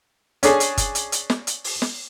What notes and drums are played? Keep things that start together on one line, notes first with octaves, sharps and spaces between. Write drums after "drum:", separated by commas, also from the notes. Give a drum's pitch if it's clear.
C#4 D4 G#4, drum: hi-hat
drum: hi-hat
drum: kick F#1, hi-hat
drum: hi-hat
drum: hi-hat
drum: snare
drum: hi-hat
drum: open hi-hat
drum: snare